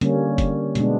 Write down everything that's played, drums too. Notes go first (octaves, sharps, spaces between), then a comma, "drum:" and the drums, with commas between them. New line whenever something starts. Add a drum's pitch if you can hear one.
D3 G3 A#3 C#4, drum: hi-hat
drum: kick F1, hi-hat
B2 G#3 B3 D4, drum: hi-hat